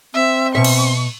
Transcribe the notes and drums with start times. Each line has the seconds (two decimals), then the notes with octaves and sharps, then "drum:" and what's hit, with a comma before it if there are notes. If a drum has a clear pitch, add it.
0.14 C4 E5
0.55 B2 E5 C#6
0.64 drum: cymbal